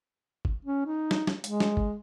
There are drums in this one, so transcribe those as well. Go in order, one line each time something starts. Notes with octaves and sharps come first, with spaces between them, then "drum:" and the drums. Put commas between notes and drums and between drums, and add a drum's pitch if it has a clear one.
drum: kick
C#4
D#4
drum: snare
drum: snare
G#3, drum: hi-hat
drum: snare
drum: kick